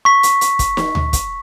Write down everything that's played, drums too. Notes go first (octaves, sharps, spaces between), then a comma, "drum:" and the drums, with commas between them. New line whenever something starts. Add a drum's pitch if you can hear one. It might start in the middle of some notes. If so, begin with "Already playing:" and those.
C#6 B6
drum: hi-hat
drum: hi-hat
drum: kick, hi-hat
drum: snare
drum: tom D2
drum: kick, hi-hat